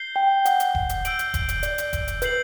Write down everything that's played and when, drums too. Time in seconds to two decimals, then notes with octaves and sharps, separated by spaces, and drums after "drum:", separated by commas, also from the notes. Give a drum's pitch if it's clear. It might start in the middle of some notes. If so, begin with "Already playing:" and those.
Already playing: G6 C7 G7
0.16 G5
0.45 F#5, drum: hi-hat
0.60 drum: hi-hat
0.75 drum: kick E1
0.89 drum: hi-hat
1.05 E6 G6 D7 F#7, drum: hi-hat
1.19 drum: hi-hat
1.34 drum: kick E1, hi-hat
1.49 drum: hi-hat
1.63 D5, drum: hi-hat
1.78 drum: hi-hat
1.93 drum: kick E1, hi-hat
2.08 drum: hi-hat
2.22 B4 G6 C7 F#7, drum: hi-hat